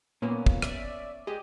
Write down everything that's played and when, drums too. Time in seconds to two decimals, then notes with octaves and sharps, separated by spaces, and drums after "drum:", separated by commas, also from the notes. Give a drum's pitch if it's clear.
0.22 A#2 A#3 B3 C#4
0.46 drum: kick
0.62 D5 E5, drum: rim click
1.27 G4 G#4 D#5